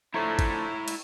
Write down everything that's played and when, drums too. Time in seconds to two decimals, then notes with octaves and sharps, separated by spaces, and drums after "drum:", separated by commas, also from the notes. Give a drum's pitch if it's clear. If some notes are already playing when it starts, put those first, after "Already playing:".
0.14 D3 F3 A3 E4 C#5 A#5
0.39 drum: kick, cymbal
0.88 drum: cymbal